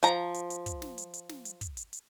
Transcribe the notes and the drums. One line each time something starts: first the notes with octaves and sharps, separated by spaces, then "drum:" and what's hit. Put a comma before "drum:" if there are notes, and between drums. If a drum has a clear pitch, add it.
F3 A#5, drum: hi-hat
drum: hi-hat
drum: hi-hat
drum: kick, hi-hat
drum: snare
drum: hi-hat
drum: hi-hat
drum: snare
drum: hi-hat
drum: kick, hi-hat
drum: hi-hat
drum: hi-hat